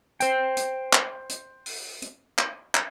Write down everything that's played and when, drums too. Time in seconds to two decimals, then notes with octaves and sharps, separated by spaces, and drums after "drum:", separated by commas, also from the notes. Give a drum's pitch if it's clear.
0.20 C5 G5, drum: hi-hat
0.57 drum: hi-hat
0.93 drum: clap
1.29 drum: hi-hat
1.66 drum: open hi-hat
2.02 drum: hi-hat
2.38 drum: clap
2.75 drum: clap